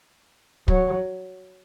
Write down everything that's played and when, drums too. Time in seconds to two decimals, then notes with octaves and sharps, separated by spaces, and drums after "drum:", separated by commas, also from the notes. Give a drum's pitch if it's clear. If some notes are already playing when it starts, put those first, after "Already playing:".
0.68 F#3, drum: kick